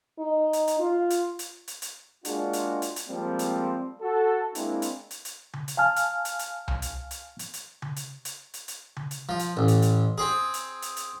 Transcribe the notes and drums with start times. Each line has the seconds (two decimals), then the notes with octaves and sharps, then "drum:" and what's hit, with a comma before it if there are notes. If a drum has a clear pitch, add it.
0.18 D#4
0.53 drum: hi-hat
0.67 drum: hi-hat
0.80 F4
1.10 drum: hi-hat
1.39 drum: hi-hat
1.68 drum: hi-hat
1.82 drum: hi-hat
2.25 G#3 A#3 D4 F4 F#4 G#4, drum: hi-hat
2.53 drum: hi-hat
2.82 drum: hi-hat
2.96 drum: hi-hat
3.09 F3 G3 G#3 A#3 C4
3.39 drum: hi-hat
4.02 F#4 A4
4.55 G#3 A#3 C4 D4 E4, drum: hi-hat
4.82 drum: hi-hat
5.11 drum: hi-hat
5.25 drum: hi-hat
5.53 drum: tom C#3
5.68 drum: hi-hat
5.77 F5 G#5 A5 F6
5.96 drum: hi-hat
6.25 drum: hi-hat
6.39 drum: hi-hat
6.68 drum: tom C2
6.82 drum: hi-hat
7.11 drum: hi-hat
7.39 drum: hi-hat
7.54 drum: hi-hat
7.82 drum: tom C#3
7.96 drum: hi-hat
8.25 drum: hi-hat
8.54 drum: hi-hat
8.68 drum: hi-hat
8.96 drum: tom C#3
9.11 drum: hi-hat
9.29 F3
9.39 drum: hi-hat
9.57 A1
9.68 drum: hi-hat
9.82 drum: hi-hat
10.18 C4 G#4
10.54 drum: hi-hat
10.82 drum: hi-hat
10.97 drum: hi-hat